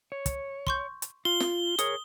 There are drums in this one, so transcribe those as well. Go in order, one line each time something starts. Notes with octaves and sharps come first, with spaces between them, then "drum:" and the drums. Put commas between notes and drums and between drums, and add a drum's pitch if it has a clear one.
C#5
drum: kick, hi-hat
C6 C#6 G6, drum: kick
drum: hi-hat
F4 G7
drum: snare
G#4 A#4 C#5 D#6, drum: hi-hat